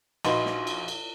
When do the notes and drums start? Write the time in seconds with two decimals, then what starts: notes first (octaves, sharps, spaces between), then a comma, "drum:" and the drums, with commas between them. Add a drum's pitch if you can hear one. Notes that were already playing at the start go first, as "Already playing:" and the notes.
0.25 A#1 D#4 F#4 B4 C6, drum: cymbal
0.46 drum: snare
0.67 drum: cymbal
0.88 drum: cymbal